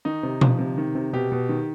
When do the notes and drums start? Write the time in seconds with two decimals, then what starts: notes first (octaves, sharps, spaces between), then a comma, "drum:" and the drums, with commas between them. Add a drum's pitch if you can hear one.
0.05 D#3 D#4
0.23 C3
0.41 F3, drum: tom B2
0.59 C3
0.78 D#3
0.95 C3
1.13 B2 G4
1.32 B2
1.49 D#3